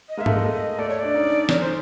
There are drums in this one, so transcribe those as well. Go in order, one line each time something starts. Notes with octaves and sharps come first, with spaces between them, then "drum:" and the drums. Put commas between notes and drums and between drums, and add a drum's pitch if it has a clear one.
D#5
G#3 A#3
E5
A3, drum: tom G#2
G#3 D#5
A3
A3 D5
C#5
D4 D5
C#4 D#4
C#4 D#4 C#5, drum: snare
C5